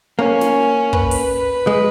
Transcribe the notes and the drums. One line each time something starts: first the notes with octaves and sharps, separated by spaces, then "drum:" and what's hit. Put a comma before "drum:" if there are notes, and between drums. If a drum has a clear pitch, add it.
A#3 C#4
drum: snare
B4, drum: kick
drum: open hi-hat
G#3